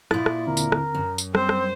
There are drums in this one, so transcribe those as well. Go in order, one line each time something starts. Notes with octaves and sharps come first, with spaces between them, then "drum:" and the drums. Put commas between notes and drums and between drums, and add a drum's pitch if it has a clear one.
A#2 E4 C6 D#6 A6, drum: rim click
drum: rim click
D#2 D3 C4 A#4
drum: tambourine
drum: rim click
F#2
drum: tambourine
G3 C4 C5, drum: rim click
drum: rim click